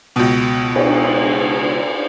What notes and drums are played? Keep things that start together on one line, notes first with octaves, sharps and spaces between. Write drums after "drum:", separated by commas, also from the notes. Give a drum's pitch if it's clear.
C#2 B2
drum: cymbal